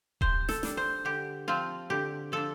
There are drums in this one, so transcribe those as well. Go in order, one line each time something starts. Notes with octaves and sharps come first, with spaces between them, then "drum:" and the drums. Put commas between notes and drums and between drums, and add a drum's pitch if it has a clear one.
C3 C5, drum: kick D#1
A4, drum: snare
G3 D4, drum: snare
C5
D3 G4
F3 C4 F4
D3 G4
F3 D4 A4